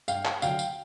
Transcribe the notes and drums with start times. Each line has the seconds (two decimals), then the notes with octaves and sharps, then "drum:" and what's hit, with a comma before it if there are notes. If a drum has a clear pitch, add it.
0.08 G2 F5 G5, drum: tambourine
0.25 drum: clap
0.42 D3 F#3 F5 G5, drum: tambourine
0.59 drum: tambourine